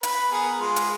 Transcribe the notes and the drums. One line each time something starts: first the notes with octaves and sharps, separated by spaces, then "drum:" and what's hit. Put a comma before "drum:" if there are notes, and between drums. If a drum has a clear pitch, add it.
B4 B5, drum: hi-hat
B3 G#4 A#4
G#3 F4
drum: hi-hat